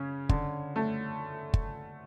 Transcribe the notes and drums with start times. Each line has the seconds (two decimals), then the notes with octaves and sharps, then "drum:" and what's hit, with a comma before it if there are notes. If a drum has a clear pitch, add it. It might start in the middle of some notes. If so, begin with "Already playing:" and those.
Already playing: C#3 C#4
0.29 D3, drum: kick
0.76 A3
1.54 drum: kick